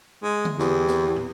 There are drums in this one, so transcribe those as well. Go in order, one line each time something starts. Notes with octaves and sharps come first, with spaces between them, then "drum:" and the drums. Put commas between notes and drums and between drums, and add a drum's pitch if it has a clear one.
G#3
drum: tom D3
E2 G4, drum: snare
drum: snare
drum: tom